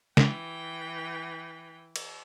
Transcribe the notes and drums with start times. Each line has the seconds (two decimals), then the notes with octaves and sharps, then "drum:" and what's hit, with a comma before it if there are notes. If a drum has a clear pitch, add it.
0.17 E3 G5, drum: snare
1.96 drum: cymbal